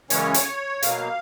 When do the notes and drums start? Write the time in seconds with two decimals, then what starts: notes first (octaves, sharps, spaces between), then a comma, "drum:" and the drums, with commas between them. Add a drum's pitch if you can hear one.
0.10 F#2 C#3 E3 G#3 C#4 C#5, drum: hi-hat
0.34 drum: hi-hat
0.83 B2 F#3 A#3 F5, drum: hi-hat